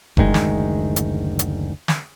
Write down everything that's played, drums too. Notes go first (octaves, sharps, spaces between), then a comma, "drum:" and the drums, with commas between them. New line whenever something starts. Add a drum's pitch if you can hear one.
F#1 D2 D#3 G#3, drum: kick F1
drum: snare
drum: hi-hat
drum: hi-hat
drum: snare